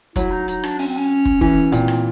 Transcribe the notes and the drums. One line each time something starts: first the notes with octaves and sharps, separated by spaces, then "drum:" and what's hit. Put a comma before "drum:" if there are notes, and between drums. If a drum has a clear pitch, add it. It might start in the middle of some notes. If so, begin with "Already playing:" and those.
F#3 E4, drum: kick, hi-hat
D#4
D#4, drum: hi-hat
D4, drum: rim click
C#4, drum: open hi-hat
C4
C#4
drum: kick
E3 C#4, drum: kick
A#2 C4, drum: hi-hat
drum: rim click